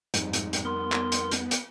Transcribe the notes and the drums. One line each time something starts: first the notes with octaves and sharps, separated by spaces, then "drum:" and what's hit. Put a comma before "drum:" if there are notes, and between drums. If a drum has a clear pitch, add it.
F2 G#2 G3 D#4, drum: hi-hat
drum: hi-hat
drum: hi-hat
B3 A#4 C6
drum: clap
drum: hi-hat
drum: hi-hat
drum: hi-hat